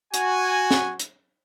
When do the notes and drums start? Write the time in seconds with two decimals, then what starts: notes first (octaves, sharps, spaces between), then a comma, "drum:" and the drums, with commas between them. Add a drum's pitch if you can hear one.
0.14 F#4 G#5, drum: hi-hat
0.71 drum: snare
1.00 drum: hi-hat